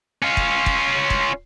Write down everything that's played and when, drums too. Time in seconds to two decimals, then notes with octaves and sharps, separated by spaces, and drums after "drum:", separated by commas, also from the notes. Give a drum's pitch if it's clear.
0.22 C#4 F4
0.37 drum: kick
0.66 drum: kick
1.10 drum: kick